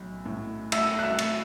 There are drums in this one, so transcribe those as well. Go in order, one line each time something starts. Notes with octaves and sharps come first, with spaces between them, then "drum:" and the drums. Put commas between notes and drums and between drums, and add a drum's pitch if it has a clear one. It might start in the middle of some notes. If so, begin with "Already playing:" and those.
Already playing: B1 A2
A2
A3 E5 E6, drum: cymbal
F#6
E5 E6
A3, drum: cymbal